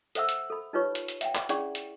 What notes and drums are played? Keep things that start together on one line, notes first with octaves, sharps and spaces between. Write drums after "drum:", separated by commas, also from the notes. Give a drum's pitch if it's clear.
A4 C5 E5 F#5 E6, drum: hi-hat
drum: hi-hat
A4 B5
D#4 F4 G4 B4 C#5 C#6
drum: hi-hat
drum: hi-hat
E5 F#5 G5, drum: hi-hat
drum: clap
C#4 E4 G#4 D5 F#5 C#6, drum: hi-hat
drum: hi-hat